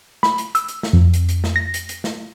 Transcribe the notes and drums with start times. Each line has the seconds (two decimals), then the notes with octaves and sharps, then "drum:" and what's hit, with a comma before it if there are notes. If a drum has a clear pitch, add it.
0.23 B5, drum: snare
0.38 drum: hi-hat
0.55 E6, drum: hi-hat
0.68 drum: hi-hat
0.83 drum: snare
0.93 F2
1.14 drum: hi-hat
1.29 drum: hi-hat
1.44 drum: snare
1.56 A#6
1.74 drum: hi-hat
1.89 drum: hi-hat
2.04 drum: snare